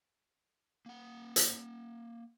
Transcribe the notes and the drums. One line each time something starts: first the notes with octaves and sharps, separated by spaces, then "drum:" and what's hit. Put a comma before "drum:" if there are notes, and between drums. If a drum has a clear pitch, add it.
A#3 F#5
drum: hi-hat